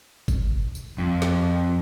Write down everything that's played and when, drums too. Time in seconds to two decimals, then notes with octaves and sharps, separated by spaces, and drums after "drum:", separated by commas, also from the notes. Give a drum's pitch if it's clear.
0.28 drum: kick G1, tambourine
0.75 drum: tambourine
0.98 F2
1.22 drum: snare